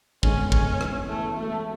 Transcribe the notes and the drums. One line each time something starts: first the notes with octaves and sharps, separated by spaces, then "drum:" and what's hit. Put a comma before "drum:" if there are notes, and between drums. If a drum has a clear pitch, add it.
D3 G#3 B3 C#4, drum: kick
C#4, drum: kick
C#3 E3 B3, drum: rim click
A3
G#3 A3 B3 F#4 A4